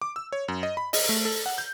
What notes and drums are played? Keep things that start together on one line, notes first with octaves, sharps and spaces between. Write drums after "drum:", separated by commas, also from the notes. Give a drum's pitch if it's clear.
D6
E6
C#5
F#2
D#5
B5
D#5, drum: open hi-hat
A3
A4
F#5
G6